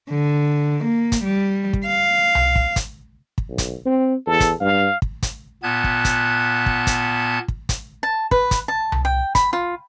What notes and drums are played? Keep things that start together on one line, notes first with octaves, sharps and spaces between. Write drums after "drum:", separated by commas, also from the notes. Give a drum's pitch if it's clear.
D3
A#3
drum: kick, hi-hat
G3
drum: kick
F5
drum: tom C2
drum: kick
drum: kick, hi-hat
drum: kick
B1
drum: kick, hi-hat
C4
E2 A4
drum: kick, hi-hat
G2 F5
drum: kick
drum: kick, hi-hat
A#2 B3 A5 F#6 G#6
drum: kick
drum: kick, hi-hat
drum: kick
drum: kick, hi-hat
drum: kick
drum: kick, hi-hat
A5
B4, drum: kick
drum: kick, hi-hat
A5
drum: tom C2
G5
B5, drum: kick, hi-hat
F4